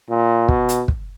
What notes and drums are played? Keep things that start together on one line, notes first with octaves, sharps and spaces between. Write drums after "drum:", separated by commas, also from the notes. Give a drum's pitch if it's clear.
A#2
B2, drum: kick
drum: hi-hat
drum: kick